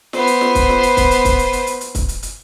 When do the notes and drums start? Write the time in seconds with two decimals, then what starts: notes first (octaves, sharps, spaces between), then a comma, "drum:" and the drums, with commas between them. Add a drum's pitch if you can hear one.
0.13 B3 C5, drum: snare
0.27 drum: hi-hat
0.41 drum: snare
0.55 drum: kick, hi-hat
0.69 drum: snare
0.83 drum: hi-hat
0.97 drum: kick, hi-hat
1.11 drum: hi-hat
1.25 drum: kick, hi-hat
1.39 drum: hi-hat
1.53 drum: hi-hat
1.67 drum: hi-hat
1.81 drum: hi-hat
1.95 drum: kick, hi-hat
2.09 drum: hi-hat
2.23 drum: hi-hat